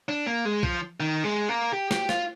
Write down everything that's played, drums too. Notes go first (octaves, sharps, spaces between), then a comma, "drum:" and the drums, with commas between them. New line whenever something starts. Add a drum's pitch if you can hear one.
D4
A#3
G#3
F3, drum: kick
D#3
G#3
A#3
G4
G4, drum: snare
F4, drum: snare